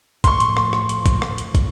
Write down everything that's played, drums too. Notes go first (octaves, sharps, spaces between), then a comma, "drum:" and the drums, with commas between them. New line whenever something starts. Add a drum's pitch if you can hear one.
A2 F3 C6 C#6, drum: kick, hi-hat
drum: hi-hat
drum: rim click
drum: rim click
drum: hi-hat
drum: kick, hi-hat
drum: rim click
drum: hi-hat
drum: kick, hi-hat